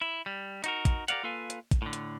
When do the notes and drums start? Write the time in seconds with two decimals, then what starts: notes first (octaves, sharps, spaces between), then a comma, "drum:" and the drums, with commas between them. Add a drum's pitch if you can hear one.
0.01 E4
0.26 G3
0.64 D#4 F#4 A#4, drum: hi-hat
0.85 drum: kick, hi-hat
1.08 G4 A#4 C#5 D5 F5 F#5, drum: hi-hat
1.23 A#3 F4 A4 B4 F5 G#5
1.50 drum: hi-hat
1.71 drum: kick, hi-hat
1.82 A2 D3
1.93 drum: hi-hat